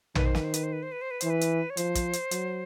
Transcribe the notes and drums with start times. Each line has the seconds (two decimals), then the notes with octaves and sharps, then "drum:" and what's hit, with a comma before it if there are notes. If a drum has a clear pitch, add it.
0.15 D#3 B4, drum: tom
0.25 C5
0.35 B4, drum: snare
0.44 C5
0.54 B4, drum: hi-hat
0.64 C5
0.73 B4
0.83 C5
0.92 B4
1.01 C5
1.11 B4
1.21 E3 C5, drum: hi-hat
1.30 B4
1.41 drum: hi-hat
1.70 C#5
1.77 F3 C5, drum: hi-hat
1.95 drum: kick, hi-hat
2.13 drum: hi-hat
2.31 F#3, drum: hi-hat